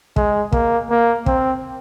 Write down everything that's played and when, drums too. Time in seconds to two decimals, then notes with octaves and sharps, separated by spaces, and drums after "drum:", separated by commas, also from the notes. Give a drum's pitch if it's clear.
0.16 G#3, drum: kick
0.52 A#3, drum: kick
0.90 A#3
1.26 C4, drum: kick